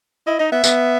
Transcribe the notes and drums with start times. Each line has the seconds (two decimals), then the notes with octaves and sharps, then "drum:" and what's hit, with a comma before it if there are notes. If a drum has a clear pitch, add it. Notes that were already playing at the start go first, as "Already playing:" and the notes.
0.27 E4 D#5
0.39 D#4 D#5
0.52 B3 E5
0.64 B3, drum: tambourine